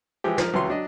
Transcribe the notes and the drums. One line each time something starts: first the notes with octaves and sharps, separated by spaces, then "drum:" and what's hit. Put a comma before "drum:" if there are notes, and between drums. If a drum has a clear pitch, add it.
E3 F3 G#3 G4
F3 A#4, drum: snare
C#2 E3 F#3 C6
F#3 D4 D#5